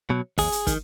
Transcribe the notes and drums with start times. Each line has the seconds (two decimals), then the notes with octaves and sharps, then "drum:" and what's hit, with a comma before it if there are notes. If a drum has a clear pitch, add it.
0.10 B2 F#3
0.38 D#2 G#4, drum: kick, open hi-hat
0.52 drum: hi-hat
0.67 D#3, drum: kick, hi-hat